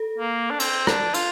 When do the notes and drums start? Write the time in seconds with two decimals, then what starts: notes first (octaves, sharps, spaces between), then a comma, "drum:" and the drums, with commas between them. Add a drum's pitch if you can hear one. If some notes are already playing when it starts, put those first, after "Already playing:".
Already playing: A4
0.18 A#3
0.51 D4
0.60 C4, drum: cymbal
0.87 D4, drum: rim click
1.14 F4, drum: cymbal